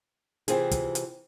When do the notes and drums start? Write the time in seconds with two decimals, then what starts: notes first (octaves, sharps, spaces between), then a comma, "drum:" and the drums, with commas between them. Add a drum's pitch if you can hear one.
0.48 C3 E3 C4 F4 G#4, drum: hi-hat
0.71 drum: kick, hi-hat
0.95 drum: hi-hat